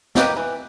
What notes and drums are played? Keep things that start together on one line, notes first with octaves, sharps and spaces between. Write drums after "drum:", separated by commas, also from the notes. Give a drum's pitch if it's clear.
A#3 D#4 G4 B4, drum: snare
E3